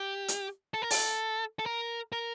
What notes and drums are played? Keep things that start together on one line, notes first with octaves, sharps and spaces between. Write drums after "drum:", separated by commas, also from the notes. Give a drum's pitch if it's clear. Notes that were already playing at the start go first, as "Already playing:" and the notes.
Already playing: G4
drum: hi-hat
A4
A#4
A4, drum: open hi-hat
A4
A#4
A#4